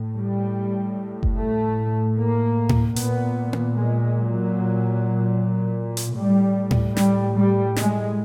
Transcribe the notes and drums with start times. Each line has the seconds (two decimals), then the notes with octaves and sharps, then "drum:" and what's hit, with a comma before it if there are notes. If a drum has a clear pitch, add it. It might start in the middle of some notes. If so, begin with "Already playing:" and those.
Already playing: A2
0.17 G3
1.23 drum: kick F#1
1.36 A3
2.16 A#3
2.69 drum: tom A2
2.96 A#2 B3, drum: hi-hat
3.53 drum: tom A#3
3.76 G#3
4.16 F#3
5.97 drum: hi-hat
6.16 A2 G3
6.71 drum: tom A2
6.97 G3, drum: snare
7.36 G3
7.76 G#3, drum: snare